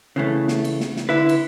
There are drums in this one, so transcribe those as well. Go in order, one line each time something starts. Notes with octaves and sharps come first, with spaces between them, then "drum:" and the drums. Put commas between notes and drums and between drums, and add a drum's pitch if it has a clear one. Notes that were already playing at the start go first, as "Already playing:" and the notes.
C#3 E3 A3
drum: snare
drum: cymbal
drum: snare
drum: snare
D3 E4 B4
drum: cymbal